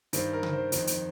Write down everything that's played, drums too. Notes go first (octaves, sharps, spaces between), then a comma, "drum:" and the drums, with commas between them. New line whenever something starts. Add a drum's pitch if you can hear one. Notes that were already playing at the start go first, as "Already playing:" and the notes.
G2 D#3 C5, drum: hi-hat
A#4
drum: tom C#3
C5
F2 D#3 C5, drum: hi-hat
drum: hi-hat